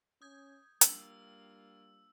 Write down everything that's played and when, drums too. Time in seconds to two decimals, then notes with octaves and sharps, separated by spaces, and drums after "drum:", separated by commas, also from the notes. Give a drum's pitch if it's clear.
0.22 C#4 D#6 G6 G#6
0.81 G3 A#3 D4 F4 E6, drum: hi-hat